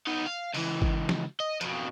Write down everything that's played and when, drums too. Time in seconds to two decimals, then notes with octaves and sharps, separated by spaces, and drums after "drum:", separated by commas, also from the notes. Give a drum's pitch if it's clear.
0.07 B3 D#4
0.27 F5
0.54 C#2 E3, drum: open hi-hat
0.82 drum: kick G#1
1.09 drum: snare
1.40 D#5
1.61 F2 B2, drum: hi-hat